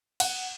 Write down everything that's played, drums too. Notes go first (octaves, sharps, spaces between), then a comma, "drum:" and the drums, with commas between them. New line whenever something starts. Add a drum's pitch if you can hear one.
F#5, drum: cymbal